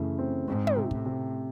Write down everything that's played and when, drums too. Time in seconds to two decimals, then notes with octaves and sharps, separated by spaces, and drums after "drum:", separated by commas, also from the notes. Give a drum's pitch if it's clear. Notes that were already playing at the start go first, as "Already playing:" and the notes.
Already playing: F#2 C#3 E3 A3
0.19 C4
0.47 G#2 C4
0.67 drum: tom
0.76 C3
0.91 A2, drum: kick
1.05 C3